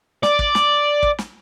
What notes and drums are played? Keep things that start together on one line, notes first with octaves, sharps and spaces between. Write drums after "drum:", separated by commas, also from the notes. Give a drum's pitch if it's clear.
D5, drum: snare
drum: kick
drum: snare
drum: kick
drum: snare